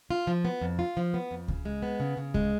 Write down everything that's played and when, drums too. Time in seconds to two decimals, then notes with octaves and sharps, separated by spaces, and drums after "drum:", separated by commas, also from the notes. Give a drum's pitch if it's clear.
0.10 F4
0.27 F3
0.45 B3
0.61 F2
0.79 F4
0.97 F3
1.14 B3
1.31 F2
1.48 C#3, drum: kick C#2
1.65 G#3
1.82 B3
2.00 C#3
2.17 C#3
2.34 G#3, drum: kick C#2